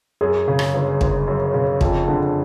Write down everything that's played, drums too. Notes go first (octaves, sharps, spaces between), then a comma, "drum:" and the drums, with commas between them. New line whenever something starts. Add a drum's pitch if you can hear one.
F#2 G#4
C#3
drum: rim click
G1
G1, drum: kick
F#2
C#3
F2, drum: kick
D3